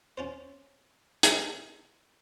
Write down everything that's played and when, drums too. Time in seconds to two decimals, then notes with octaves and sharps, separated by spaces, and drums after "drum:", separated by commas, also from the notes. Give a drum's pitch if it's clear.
0.17 C#4 F4 C5
1.23 drum: hi-hat